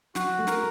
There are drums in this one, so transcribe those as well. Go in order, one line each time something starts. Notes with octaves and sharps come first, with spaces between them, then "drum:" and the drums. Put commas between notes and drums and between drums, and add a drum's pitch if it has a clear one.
F#3 F#4, drum: snare
A3
A#4, drum: snare